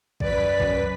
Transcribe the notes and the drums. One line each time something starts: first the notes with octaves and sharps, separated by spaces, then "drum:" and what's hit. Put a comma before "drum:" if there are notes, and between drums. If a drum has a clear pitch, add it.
F#2 B4 D5 B6, drum: kick A#1
drum: kick A#1